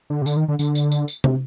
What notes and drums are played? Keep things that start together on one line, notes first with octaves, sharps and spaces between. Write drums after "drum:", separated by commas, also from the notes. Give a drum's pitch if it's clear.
D3
C3
D3, drum: tambourine
D#3
D3
D3, drum: tambourine
drum: tambourine
drum: tambourine
drum: tambourine
C3, drum: tom